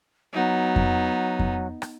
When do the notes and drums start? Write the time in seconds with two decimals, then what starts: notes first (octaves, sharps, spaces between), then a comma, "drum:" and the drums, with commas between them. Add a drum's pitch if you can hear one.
0.34 F#3 B3 D#4
0.76 drum: kick F2
1.39 drum: kick F2
1.82 drum: rim click